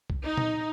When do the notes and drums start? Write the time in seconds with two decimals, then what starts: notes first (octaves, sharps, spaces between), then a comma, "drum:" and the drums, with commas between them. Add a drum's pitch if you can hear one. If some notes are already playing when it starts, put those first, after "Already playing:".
0.10 drum: kick
0.23 D#4
0.37 drum: tom A#2